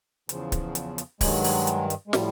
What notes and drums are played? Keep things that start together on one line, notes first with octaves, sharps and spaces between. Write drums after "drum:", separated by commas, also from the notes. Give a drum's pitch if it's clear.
E2 C#3 F3, drum: hi-hat
drum: kick D1, hi-hat
drum: hi-hat
drum: hi-hat
G2 D#3 F#3 G#3, drum: kick D1, open hi-hat
drum: open hi-hat
drum: hi-hat
drum: hi-hat
G#3
A2 F3 G3, drum: snare